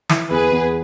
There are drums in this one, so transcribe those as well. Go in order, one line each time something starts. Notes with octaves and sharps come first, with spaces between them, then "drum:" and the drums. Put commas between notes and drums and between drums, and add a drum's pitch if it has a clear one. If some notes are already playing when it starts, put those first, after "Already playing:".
E4, drum: snare
E2 G#4 B4
E2